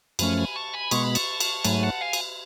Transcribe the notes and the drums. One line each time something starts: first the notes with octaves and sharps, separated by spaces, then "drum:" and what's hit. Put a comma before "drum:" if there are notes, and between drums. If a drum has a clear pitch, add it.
F#2 F3 A3 C#4 G#5 B5, drum: cymbal
G#5 B5
A5 C#6
G#5 B5
B2 G#3 B3 C#6, drum: cymbal
B5
A5 C#6, drum: cymbal
drum: cymbal
G#2 F#3 A3 G#5 B5, drum: cymbal
F#5 A5
F5 G#5
drum: cymbal